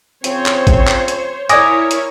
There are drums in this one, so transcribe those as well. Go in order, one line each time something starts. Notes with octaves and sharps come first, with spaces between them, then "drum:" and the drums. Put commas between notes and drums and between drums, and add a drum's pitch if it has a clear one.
C#3 F3 C4 C5 C#5, drum: hi-hat
drum: clap
drum: kick G#1, hi-hat
drum: clap
drum: hi-hat
E4 A#4 C#5 D5 G#5 D6 D#6 A#6, drum: hi-hat
drum: hi-hat